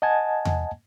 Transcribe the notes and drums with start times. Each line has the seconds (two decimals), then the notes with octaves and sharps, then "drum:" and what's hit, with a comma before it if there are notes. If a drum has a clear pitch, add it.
0.02 D#5 F#5 G#5 A5 G#6
0.45 drum: tom E2